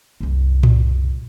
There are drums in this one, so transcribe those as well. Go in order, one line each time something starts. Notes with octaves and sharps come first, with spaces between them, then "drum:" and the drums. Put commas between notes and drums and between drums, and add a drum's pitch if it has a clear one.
C2 F#2
drum: tom A2